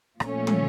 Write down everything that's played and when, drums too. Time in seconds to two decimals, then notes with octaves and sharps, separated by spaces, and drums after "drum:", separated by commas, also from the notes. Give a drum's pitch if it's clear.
0.20 A#2 F3 A3 C#4, drum: rim click
0.47 drum: tom